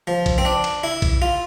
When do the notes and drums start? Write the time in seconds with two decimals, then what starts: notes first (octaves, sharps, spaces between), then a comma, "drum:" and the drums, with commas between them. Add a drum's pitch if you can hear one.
0.07 F3
0.26 drum: kick B1, cymbal
0.38 C4
0.45 D4
0.64 drum: cymbal
0.84 E4
1.02 drum: kick B1, cymbal
1.22 F4